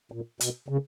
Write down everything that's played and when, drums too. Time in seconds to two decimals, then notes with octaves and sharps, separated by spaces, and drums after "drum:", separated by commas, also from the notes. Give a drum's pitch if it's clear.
0.12 A#2
0.40 B2, drum: hi-hat
0.69 C#3